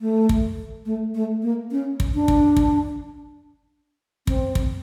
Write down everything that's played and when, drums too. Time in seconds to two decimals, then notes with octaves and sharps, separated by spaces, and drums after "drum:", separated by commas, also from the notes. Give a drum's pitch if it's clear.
0.01 A3
0.29 drum: kick
0.86 A3
1.15 A3
1.42 A#3
1.72 C#4
2.00 drum: kick
2.15 D4
2.28 drum: kick
2.57 drum: kick
4.27 C4, drum: kick
4.55 drum: kick